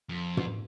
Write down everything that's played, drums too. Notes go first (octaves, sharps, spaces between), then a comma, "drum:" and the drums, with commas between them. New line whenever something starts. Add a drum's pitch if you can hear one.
F2
drum: tom